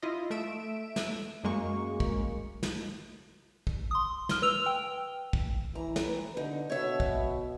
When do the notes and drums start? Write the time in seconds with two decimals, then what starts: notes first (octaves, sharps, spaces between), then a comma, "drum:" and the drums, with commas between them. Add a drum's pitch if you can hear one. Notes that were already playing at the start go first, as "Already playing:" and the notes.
0.02 E4 F4 D#5
0.30 A3 E5 D7 E7
0.96 drum: snare
1.44 F#2 G#3 A#3 C#6
2.00 drum: kick
2.63 drum: snare
3.67 drum: kick
3.91 C6 D#6
4.29 F6 G7, drum: snare
4.42 B4 E6 F7
4.66 G5
5.33 drum: kick
5.75 E3 A#5
5.96 drum: snare
6.06 B4
6.37 D3 D#4
6.70 B2 C#5 E5
7.00 drum: kick